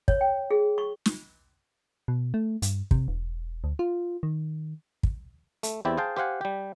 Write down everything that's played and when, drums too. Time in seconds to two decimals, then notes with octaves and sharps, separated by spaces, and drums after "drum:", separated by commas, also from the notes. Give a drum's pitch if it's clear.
0.08 C#5, drum: kick
0.21 G5
0.51 G#4
0.78 C#6
1.06 drum: snare
2.08 B2
2.34 A3
2.62 G2, drum: hi-hat
2.91 C3, drum: kick
3.08 E1
3.64 D2
3.79 F4
4.23 D#3
5.03 drum: kick
5.63 A3, drum: hi-hat
5.85 E2 C4 E4 G4 D5
5.98 G#4 C5 F5 G5 A5
6.17 G4 C5 F5 F#5 G#5
6.41 G3 G4